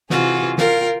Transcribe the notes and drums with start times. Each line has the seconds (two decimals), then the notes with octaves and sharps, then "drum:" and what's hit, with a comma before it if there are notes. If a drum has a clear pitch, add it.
0.10 C3 E3 F4 F#4 G#4, drum: snare
0.58 F4 A#4 F5 G5, drum: snare